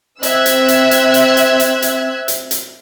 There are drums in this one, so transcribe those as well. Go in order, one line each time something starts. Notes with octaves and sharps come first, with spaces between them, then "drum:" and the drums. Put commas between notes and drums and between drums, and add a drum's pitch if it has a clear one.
C4 E5 E6 F#6 G#6, drum: hi-hat
drum: hi-hat
drum: hi-hat
drum: hi-hat
drum: hi-hat
drum: hi-hat
drum: hi-hat
drum: hi-hat
drum: hi-hat
drum: hi-hat